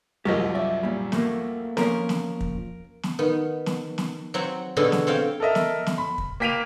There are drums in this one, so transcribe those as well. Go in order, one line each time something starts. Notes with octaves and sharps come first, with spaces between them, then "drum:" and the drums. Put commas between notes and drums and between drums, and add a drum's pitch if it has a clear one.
C2 F#2 F3 G4 A#4 D#5
D5 E5
A#2 G3
A3 A#3, drum: snare
F3 A#3 C#4 A#4, drum: snare
drum: snare
drum: kick
drum: snare
D#3 B3
drum: snare
drum: snare
F#3 C4 F#5
B2 D3 B3 C#4 G#4 A4
drum: snare
C4 C#5 F5 G5
A4 A#4 D#5 E5
drum: snare
drum: snare
B5
drum: kick
A#3 G5 B6 D7 D#7 F7